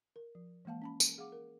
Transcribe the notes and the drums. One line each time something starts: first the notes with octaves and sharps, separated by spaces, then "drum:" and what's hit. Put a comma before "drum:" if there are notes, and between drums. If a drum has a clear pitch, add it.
A#4
F3
E3 G#3 A#3 F5 A5
C#4 A5 B5
drum: tambourine
G#4 F5 F#5 D6
A#4